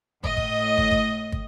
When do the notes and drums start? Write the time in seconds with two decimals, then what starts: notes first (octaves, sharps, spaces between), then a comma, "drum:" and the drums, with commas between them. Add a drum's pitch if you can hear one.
0.24 A2 D#5, drum: kick
0.37 drum: kick
0.78 drum: kick
0.91 drum: kick
1.32 drum: kick